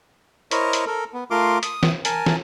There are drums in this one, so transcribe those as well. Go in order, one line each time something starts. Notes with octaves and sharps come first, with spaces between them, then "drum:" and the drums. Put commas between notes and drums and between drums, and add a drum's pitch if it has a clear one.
E4 A#4 C5 C#5 D#5 C#6, drum: hi-hat
drum: hi-hat
A4 A#4
B3
A3 F4 A#4 C6 D6
D#6, drum: hi-hat
drum: snare
A#4 G#5 A5, drum: hi-hat
drum: snare